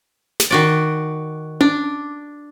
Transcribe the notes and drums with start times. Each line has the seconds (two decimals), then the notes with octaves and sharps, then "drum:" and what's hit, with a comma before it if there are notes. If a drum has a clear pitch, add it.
0.40 drum: snare
0.50 D#3 F#4 D5
1.61 D4, drum: tom C#4